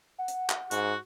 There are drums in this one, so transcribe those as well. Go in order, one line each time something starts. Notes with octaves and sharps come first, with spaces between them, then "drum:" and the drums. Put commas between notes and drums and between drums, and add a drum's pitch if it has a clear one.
F#5
drum: hi-hat
drum: clap
G#2 F#4, drum: hi-hat